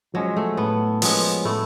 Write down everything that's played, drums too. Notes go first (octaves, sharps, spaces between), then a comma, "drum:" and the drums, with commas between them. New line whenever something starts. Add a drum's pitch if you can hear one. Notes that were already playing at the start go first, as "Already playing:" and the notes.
F3 F#3 G#3 C#4
A3
A2 B3
F3 G#3 B3 C#4, drum: open hi-hat
A2 A3